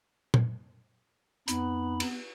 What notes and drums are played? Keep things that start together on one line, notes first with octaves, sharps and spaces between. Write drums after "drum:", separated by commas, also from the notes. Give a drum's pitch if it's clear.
drum: tom A#2
F2 B3 D#4 B5, drum: hi-hat
drum: cymbal